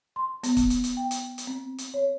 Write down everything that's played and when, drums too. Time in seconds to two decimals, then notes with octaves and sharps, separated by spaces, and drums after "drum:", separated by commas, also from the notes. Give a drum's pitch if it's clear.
0.16 C6
0.43 B3, drum: hi-hat
0.57 drum: kick, hi-hat
0.70 drum: hi-hat
0.84 drum: hi-hat
0.97 G5
1.11 drum: hi-hat
1.38 drum: hi-hat
1.47 C4
1.78 drum: hi-hat
1.94 C#5